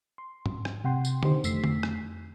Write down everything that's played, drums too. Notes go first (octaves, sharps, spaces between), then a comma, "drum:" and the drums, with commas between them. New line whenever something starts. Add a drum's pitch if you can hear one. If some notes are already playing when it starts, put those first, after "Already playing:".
C6
drum: tom G#2
drum: rim click
C3 F#5 G5 C6
drum: tambourine
D3 D#3 D#4 G4 C5 C6, drum: tom D3
F2 A3 E6 B6 C7, drum: tambourine
drum: tom D3
drum: rim click